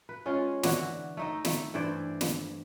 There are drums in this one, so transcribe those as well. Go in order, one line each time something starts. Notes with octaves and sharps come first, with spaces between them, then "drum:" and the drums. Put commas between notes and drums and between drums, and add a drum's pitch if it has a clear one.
B4
G#3 C#4 F4
D3 E3 D4 F#4, drum: snare
A3 D#4 D#5
A3, drum: snare
G2 E3 C5 D5
drum: snare